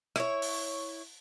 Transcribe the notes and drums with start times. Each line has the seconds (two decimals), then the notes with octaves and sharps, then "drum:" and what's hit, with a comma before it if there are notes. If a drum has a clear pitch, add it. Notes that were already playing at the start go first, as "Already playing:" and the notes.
0.16 E4 C#5, drum: rim click
0.42 drum: open hi-hat